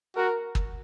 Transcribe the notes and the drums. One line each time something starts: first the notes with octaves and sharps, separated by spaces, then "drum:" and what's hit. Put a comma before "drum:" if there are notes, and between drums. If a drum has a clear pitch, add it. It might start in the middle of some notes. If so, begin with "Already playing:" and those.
F#4 A#4
drum: kick